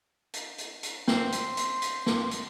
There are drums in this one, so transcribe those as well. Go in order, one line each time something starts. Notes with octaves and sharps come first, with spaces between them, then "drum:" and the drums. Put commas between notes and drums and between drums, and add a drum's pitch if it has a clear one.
drum: hi-hat
drum: hi-hat
drum: hi-hat
C4 C6, drum: snare
drum: hi-hat
drum: hi-hat
drum: hi-hat
drum: snare
drum: hi-hat